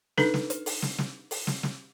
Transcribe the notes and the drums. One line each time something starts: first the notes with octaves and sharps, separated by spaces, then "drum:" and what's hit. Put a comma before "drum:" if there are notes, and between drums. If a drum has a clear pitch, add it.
D4 D#4 A4 B4, drum: snare
drum: snare
drum: hi-hat
drum: open hi-hat
drum: snare
drum: snare
drum: open hi-hat
drum: snare
drum: snare